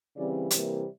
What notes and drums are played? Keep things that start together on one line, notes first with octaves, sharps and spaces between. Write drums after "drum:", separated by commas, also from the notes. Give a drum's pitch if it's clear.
C#3 E3 G3 C4 D5
C3 E3 G3 A#3 D5, drum: hi-hat